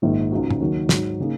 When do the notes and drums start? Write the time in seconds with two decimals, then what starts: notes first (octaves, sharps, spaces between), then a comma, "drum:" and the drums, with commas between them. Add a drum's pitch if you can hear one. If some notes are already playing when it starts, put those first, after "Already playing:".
0.02 A#1 G#2 D#3
0.32 C#2 C#3 G#3 D#4 F#4
0.51 drum: tom
0.60 D#2 D#3 F#3
0.89 G#2 F#3 D#4, drum: snare
1.19 C#3 A#3 D#4 G#4